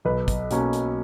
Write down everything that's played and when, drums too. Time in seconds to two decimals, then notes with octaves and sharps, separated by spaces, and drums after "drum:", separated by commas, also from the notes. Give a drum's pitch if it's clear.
0.05 B1 B4
0.28 drum: kick, hi-hat
0.51 B2 A#3 C#4, drum: hi-hat
0.73 drum: hi-hat